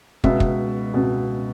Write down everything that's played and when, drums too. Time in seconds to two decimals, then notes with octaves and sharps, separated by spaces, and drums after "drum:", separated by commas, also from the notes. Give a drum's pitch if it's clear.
0.24 C#2 B2 E5, drum: kick
0.40 drum: kick
0.94 C#2 B2